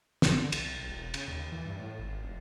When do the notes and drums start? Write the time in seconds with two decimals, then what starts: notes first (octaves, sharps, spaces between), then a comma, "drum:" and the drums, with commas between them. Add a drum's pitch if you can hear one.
0.22 G#1, drum: snare
0.37 D3
0.52 C2, drum: cymbal
0.73 B1
0.89 E1
1.14 C#3, drum: cymbal
1.28 D#2
1.52 E3
1.66 G2
1.79 A2
1.99 G#1
2.24 F1